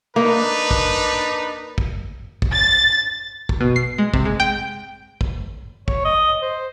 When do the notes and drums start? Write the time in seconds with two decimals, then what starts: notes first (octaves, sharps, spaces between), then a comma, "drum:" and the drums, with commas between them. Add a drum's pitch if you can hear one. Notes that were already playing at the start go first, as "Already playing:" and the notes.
0.16 A#3 D4 D#4 B4
0.71 drum: kick
1.78 drum: kick
2.42 drum: kick
2.55 A6
3.49 drum: kick
3.61 B2
3.76 C7
3.98 G#3
4.14 C3, drum: kick
4.25 G#3
4.40 G5
5.21 drum: kick
5.88 C#5, drum: kick
6.05 D#5
6.42 C5